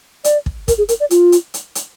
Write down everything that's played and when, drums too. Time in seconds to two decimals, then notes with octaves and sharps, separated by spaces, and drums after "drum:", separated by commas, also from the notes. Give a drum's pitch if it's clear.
0.24 D5, drum: hi-hat
0.46 drum: kick
0.68 A#4, drum: kick, hi-hat
0.78 G#4
0.89 A#4, drum: hi-hat
1.00 D5
1.10 F4, drum: hi-hat
1.32 drum: hi-hat
1.54 drum: hi-hat
1.75 drum: hi-hat